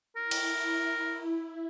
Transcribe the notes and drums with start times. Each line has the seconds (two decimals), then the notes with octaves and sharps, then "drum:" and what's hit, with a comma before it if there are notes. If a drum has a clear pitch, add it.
0.16 E4 A#4
0.31 drum: cymbal